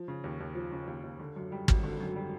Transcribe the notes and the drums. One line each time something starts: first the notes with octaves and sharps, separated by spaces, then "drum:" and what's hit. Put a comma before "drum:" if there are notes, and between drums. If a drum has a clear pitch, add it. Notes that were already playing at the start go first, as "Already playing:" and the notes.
Already playing: F3
C#3
D#2
D#2
F3
C#3
D#2
D#2
D3
F#2
G3
G#1, drum: kick
D3
F#2
G3